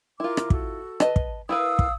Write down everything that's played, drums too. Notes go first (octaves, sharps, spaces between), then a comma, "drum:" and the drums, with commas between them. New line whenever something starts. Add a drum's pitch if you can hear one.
E4 F4 A#4 C6 D6
drum: rim click
F#4 A4, drum: kick
B4 D#5 A5, drum: rim click
drum: kick
E4 A#4 B4 F5 D#6 E6
drum: kick